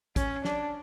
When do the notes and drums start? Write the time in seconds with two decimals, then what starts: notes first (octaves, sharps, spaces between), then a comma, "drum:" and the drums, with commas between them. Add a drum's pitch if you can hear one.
0.16 C#4, drum: kick, hi-hat
0.45 D4, drum: snare